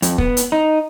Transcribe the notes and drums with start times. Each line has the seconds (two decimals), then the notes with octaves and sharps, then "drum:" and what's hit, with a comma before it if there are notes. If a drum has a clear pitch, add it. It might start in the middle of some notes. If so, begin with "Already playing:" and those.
0.02 F2, drum: hi-hat
0.18 B3, drum: kick
0.37 drum: hi-hat
0.52 D#4